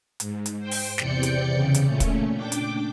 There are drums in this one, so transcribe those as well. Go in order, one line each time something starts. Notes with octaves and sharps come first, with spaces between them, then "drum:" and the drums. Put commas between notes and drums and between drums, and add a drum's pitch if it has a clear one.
G#2, drum: hi-hat
drum: hi-hat
C5 G5
drum: open hi-hat
E2 C3 D5 G5 G6 C#7, drum: snare
drum: hi-hat
C#3
drum: hi-hat
A#2 A3 C#4
drum: kick, hi-hat
D4 G5 D6
drum: hi-hat